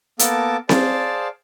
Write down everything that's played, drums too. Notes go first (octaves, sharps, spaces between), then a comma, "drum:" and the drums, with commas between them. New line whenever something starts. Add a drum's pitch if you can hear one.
A#3 B3 A4 A#4 A5 D6, drum: hi-hat
G#4 C5 D5 F5 A5, drum: snare C4